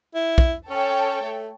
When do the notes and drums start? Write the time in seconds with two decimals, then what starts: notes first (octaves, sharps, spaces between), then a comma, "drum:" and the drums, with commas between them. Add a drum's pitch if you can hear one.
0.15 E4
0.38 drum: kick
0.70 C#4 A4 C#5 G5
1.22 A3